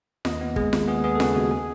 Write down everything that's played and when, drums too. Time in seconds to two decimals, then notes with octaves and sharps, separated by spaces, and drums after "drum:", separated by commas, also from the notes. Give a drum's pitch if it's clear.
0.25 D#2 D#5, drum: snare F4
0.41 B3
0.56 G#3 G#4, drum: kick
0.73 D#2, drum: snare F4
0.88 B3 G#4
1.04 B3 G#4
1.15 A4
1.20 C#3 G#4, drum: snare F4
1.36 D#2 F#4
1.51 G#4